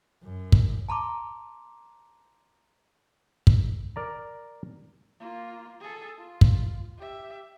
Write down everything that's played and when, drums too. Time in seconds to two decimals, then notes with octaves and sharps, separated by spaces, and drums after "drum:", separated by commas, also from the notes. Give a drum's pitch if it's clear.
0.23 F#2
0.52 drum: kick
0.89 A5 A#5 C6 D6
3.47 drum: kick
3.96 A#4 D5 A#5
5.20 A#3 F4
5.81 G#4 A4
6.18 F4
6.41 drum: kick
6.98 G4 E5